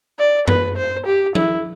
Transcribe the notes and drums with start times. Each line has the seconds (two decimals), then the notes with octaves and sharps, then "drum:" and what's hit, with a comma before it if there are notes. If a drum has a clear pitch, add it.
0.19 D5
0.48 B4, drum: tom F#2
0.77 C5
1.06 G4
1.35 E4, drum: tom F3